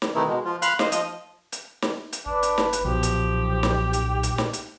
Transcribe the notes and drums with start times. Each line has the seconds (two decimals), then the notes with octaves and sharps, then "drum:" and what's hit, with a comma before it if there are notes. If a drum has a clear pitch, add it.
0.02 drum: snare
0.15 C3 D#3 E3 A3 D#4 E4
0.28 B2 G#3
0.45 F3 F4
0.62 F5 B5 C6 F6 F#6, drum: hi-hat
0.79 C5 D#5 F5, drum: snare
0.92 F3 D#5, drum: hi-hat
1.52 drum: hi-hat
1.82 drum: snare
2.12 drum: hi-hat
2.26 G1 D4 B4
2.43 drum: hi-hat
2.58 drum: snare
2.73 drum: hi-hat
2.85 B1 A#2 F3 G4
3.03 drum: hi-hat
3.63 drum: snare
3.93 drum: hi-hat
4.23 drum: hi-hat
4.38 drum: snare
4.53 drum: hi-hat